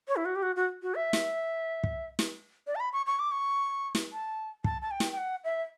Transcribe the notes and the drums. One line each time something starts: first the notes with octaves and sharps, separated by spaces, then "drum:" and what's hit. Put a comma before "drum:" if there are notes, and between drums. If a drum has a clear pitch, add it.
C#5
E4
F#4
G4
F#4
F#4
F#4
E5
drum: snare
drum: kick
drum: snare
D5
A5
B5
C#6
C#6
D6
C#6
drum: snare
A5
A5, drum: kick
A5
G5
drum: snare
G5
F#5
E5